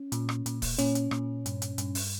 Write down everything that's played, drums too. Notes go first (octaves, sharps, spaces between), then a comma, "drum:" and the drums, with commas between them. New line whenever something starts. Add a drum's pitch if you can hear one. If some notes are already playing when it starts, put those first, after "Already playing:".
Already playing: C#4
A#2, drum: hi-hat
drum: rim click
A#2, drum: hi-hat
drum: kick, open hi-hat
A#2 C#4, drum: hi-hat
drum: hi-hat
A#2, drum: rim click
G2, drum: hi-hat
drum: hi-hat
G2, drum: hi-hat
drum: open hi-hat